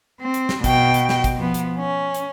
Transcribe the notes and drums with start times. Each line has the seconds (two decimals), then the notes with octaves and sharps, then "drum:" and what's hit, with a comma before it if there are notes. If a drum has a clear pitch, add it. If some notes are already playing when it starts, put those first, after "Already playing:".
0.21 C4
0.34 drum: hi-hat
0.49 drum: snare
0.64 B2 G5, drum: kick, hi-hat
0.94 drum: hi-hat
1.09 drum: snare
1.24 drum: kick, hi-hat
1.36 F3 B3
1.54 drum: hi-hat
1.78 C#4
2.14 drum: hi-hat